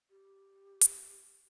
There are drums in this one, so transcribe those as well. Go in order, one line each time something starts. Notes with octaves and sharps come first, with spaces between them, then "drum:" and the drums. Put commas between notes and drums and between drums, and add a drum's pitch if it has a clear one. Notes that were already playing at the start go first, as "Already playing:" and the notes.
G4
drum: hi-hat